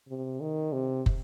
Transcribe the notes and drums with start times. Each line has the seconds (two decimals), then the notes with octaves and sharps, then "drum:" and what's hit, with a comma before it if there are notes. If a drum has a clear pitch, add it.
0.08 C3
0.41 D#3
0.73 C3
1.06 drum: kick